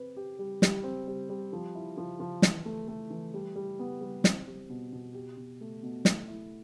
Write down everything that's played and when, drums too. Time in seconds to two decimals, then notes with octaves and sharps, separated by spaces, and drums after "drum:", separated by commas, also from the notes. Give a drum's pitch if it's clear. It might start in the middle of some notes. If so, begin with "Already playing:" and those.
Already playing: C4 B4
0.17 G4
0.39 G3
0.62 G3, drum: snare
0.84 C4
1.07 G3
1.29 G3
1.53 F3
1.75 E4
1.97 F3
2.20 F3
2.42 E3, drum: snare
2.65 A3
2.88 A3
3.10 E3
3.34 G3
3.56 G3
3.79 B3
4.01 G3
4.24 C4, drum: snare
4.47 G3
4.69 B2
4.92 B2
5.14 G4
5.37 B2
5.61 A3
5.83 B2
6.05 A3, drum: snare
6.28 E4